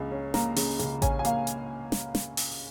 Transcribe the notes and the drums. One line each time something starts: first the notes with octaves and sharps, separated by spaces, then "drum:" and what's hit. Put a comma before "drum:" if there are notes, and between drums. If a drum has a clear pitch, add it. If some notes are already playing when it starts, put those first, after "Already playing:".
Already playing: C#2 C#3 A#3
C#4
A#3 A#5, drum: snare
C#3, drum: open hi-hat
C#2, drum: hi-hat
C#4 G#5, drum: kick A1, hi-hat
G#5
A#3 F5, drum: hi-hat
drum: hi-hat
drum: snare
drum: snare
drum: open hi-hat